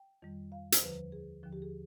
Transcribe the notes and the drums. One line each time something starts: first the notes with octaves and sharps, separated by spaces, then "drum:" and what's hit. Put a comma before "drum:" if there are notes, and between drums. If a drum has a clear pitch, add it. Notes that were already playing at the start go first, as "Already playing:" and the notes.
Already playing: G5
F2 D#3 G3
F5
C5, drum: hi-hat
D#2 D3 F3 B4
G#4
D#2 D3 F3
G4
G#4